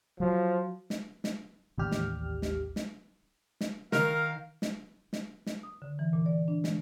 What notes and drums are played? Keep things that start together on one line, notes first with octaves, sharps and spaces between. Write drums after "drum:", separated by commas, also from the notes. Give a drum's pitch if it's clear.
F3 F#3
drum: snare
drum: snare
A1 D#2 G3 G4 F6
drum: snare
drum: snare
drum: snare
drum: snare
D#3 A#4 F5, drum: snare
drum: snare
drum: snare
drum: snare
D#6
D3
E3
A#2
D5
D4
G#3, drum: snare